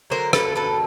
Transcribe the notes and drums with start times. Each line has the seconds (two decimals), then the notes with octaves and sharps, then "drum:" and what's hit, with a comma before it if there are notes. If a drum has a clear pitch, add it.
0.10 D3 F#3 A#3 A#4 C5
0.33 A4 B4, drum: rim click
0.56 A4 B4